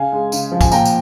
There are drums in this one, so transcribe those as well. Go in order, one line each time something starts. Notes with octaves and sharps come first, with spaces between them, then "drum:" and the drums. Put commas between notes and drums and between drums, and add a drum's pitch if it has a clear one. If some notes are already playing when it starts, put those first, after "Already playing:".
Already playing: C#3 F5 G#5
G#3
C#3, drum: tambourine
F3
G#5, drum: kick, tambourine
A#2 G5 A#5, drum: tambourine
drum: tambourine